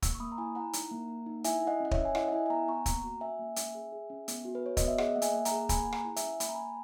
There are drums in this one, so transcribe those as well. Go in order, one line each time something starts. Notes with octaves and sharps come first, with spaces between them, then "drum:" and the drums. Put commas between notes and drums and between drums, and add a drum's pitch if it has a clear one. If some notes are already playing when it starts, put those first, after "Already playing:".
A#3 C#6 E6, drum: kick, hi-hat
C#6
A#3 B5 D#6
A#5
E4 G#5 B5
E4 F#5 A#5
D#4, drum: hi-hat
A#3
A#3
D#4
E4 E5 G#5, drum: hi-hat
E4
D#5 F#5
C#4 F#5
C#5 E5, drum: kick
C#4
G#5
E4 D#5 F#5, drum: rim click
F#5
E4 E5 G#5
G#5
B3 F#5 A#5
B3 A#5 C#6
A#3 F#5 A#5, drum: kick, hi-hat
F#4
C#4 E5 G#5
A#3
C#4, drum: hi-hat
G#4
G#4
C#4
B3, drum: hi-hat
F#4
B4
F#4 C#5
B3 D#5, drum: kick, hi-hat
E5
G#4 D#5 F#5, drum: rim click
A#3 F#5
E5 G#5, drum: hi-hat
A#3
F#5 A#5, drum: hi-hat
G#4
A#3 G#5 B5, drum: kick, hi-hat
G#4
F#5 A#5, drum: rim click
E4
E5 G#5, drum: hi-hat
C#4
A#3 B5, drum: hi-hat
A#5
A#3 G#5 B5